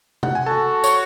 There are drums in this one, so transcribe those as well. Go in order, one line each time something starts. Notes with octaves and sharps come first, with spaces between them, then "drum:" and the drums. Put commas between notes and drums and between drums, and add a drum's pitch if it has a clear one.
F#5, drum: tom
G#5
F#4 A4 A5
C#5 C#6, drum: tambourine